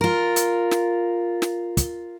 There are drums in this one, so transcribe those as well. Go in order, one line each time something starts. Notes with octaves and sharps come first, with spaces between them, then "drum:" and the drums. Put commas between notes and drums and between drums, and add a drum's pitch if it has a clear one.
F4 A#4
drum: hi-hat
drum: snare
drum: snare
drum: kick, hi-hat